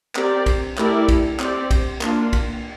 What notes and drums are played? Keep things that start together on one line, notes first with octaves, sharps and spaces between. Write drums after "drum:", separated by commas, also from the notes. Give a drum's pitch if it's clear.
C4 G4 A#4 D5, drum: clap
drum: kick, cymbal
A3 E4 G4 A#4 D5, drum: clap
drum: kick, cymbal
C4 G4 D5, drum: clap
drum: kick, cymbal
A#3 D4 F4, drum: clap
drum: kick, cymbal